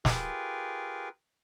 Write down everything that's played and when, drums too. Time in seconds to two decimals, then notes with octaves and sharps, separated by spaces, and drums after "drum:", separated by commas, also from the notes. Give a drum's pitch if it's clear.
0.05 F4 G4 G#4 A#4 B4, drum: snare